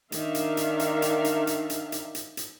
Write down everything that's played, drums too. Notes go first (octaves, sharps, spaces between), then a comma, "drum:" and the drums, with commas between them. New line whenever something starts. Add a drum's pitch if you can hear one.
D#3 D4 E5 F5, drum: hi-hat
drum: hi-hat
drum: hi-hat
drum: hi-hat
drum: hi-hat
drum: hi-hat
drum: hi-hat
drum: hi-hat
drum: hi-hat
drum: hi-hat
drum: hi-hat